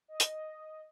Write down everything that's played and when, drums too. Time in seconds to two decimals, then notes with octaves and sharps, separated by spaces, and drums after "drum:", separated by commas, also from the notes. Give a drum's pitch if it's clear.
0.08 D#5
0.20 drum: hi-hat